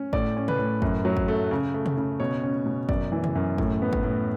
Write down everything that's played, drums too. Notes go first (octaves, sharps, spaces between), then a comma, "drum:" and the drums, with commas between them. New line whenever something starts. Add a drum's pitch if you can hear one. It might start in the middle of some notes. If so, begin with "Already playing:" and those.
Already playing: C#4
A2 D5, drum: kick
C#4
B4, drum: tom
A2
F#2, drum: kick
F#3
drum: kick
A3
C#3
A3
drum: tom
C#3
B2 C#5
C#4
B2
F#2 D5, drum: kick
E3
drum: tom
F#2
A2, drum: kick
B3
drum: kick
A2